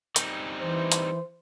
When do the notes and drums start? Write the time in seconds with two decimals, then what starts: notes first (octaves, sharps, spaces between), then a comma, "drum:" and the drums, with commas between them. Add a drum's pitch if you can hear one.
0.16 G3 C4 D#4, drum: hi-hat
0.61 E3 C5
0.92 drum: hi-hat